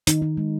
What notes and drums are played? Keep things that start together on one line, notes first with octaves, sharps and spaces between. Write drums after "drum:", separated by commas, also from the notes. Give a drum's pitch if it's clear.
D#3 D#4, drum: hi-hat
D#4
G#3